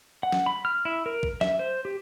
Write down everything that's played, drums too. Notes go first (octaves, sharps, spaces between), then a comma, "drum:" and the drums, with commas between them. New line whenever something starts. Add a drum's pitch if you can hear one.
F#5
drum: snare
B5
F6
E4
A#4
drum: kick A1
E5, drum: snare
C5
G4